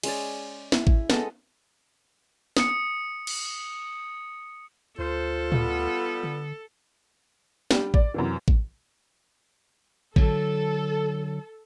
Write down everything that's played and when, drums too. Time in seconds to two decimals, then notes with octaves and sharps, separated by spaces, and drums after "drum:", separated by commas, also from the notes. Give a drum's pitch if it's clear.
0.03 G#3 C#4 C#5 D5, drum: cymbal
0.72 E4, drum: snare
0.87 drum: kick A1
1.10 G#3 B3 A4 D#5, drum: snare
2.57 D#6 C#7, drum: snare
3.27 drum: cymbal
4.99 D2 F4 A4 C5
5.52 G3 B3, drum: tom A2
6.23 D3
7.71 G3 D4 G4, drum: snare
7.94 D5, drum: kick A1
8.14 F#2 C3 E3
8.48 drum: kick A1
10.16 D3 F#3 A4, drum: kick A1